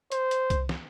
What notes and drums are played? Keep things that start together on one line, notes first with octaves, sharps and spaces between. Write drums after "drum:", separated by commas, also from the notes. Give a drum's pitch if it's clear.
C5, drum: hi-hat
drum: hi-hat
drum: kick C2, hi-hat
drum: snare